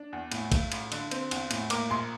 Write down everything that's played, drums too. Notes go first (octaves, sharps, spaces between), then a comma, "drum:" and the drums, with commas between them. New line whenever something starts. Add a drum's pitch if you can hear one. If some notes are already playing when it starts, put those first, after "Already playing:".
Already playing: D4
E2
A2, drum: cymbal
A3, drum: kick, cymbal
A1, drum: cymbal
D3, drum: cymbal
C4, drum: cymbal
E2, drum: cymbal
A2, drum: cymbal
A#3 D6, drum: cymbal
A#1 C6